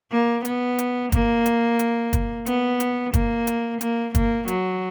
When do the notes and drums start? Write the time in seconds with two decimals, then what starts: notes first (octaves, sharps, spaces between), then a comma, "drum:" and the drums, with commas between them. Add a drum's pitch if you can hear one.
0.11 A#3
0.45 B3, drum: hi-hat
0.78 drum: hi-hat
1.12 A#3, drum: kick, hi-hat
1.46 drum: hi-hat
1.79 drum: hi-hat
2.13 drum: kick, hi-hat
2.46 B3, drum: hi-hat
2.80 drum: hi-hat
3.14 A#3, drum: kick, hi-hat
3.47 drum: hi-hat
3.81 A#3, drum: hi-hat
4.15 A#3, drum: kick, hi-hat
4.48 F#3, drum: hi-hat